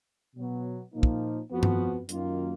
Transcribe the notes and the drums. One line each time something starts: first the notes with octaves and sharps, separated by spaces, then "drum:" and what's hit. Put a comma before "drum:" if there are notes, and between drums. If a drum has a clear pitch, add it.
B2 F#3 B3
A#2 F3 A#3 D#4
drum: kick
F2 F3 B3 F#4
drum: tom G2
F#2 D#3 A#3 F4, drum: hi-hat